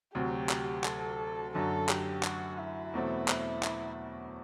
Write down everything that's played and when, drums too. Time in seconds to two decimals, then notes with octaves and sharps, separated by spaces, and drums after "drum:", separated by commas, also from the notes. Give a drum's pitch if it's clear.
0.15 D2 C3 F#3 G4
0.49 drum: clap
0.84 A4, drum: clap
1.53 F#2 D3 F#3 A4
1.89 G4, drum: clap
2.23 F#4, drum: clap
2.58 E4
2.94 E2 B2 F#3 A3 C4
3.28 drum: clap
3.63 drum: clap